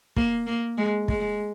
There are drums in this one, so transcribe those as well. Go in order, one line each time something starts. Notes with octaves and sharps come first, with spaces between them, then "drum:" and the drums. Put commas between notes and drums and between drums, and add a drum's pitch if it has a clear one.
A#3, drum: kick
A#3
G#3
G#3, drum: kick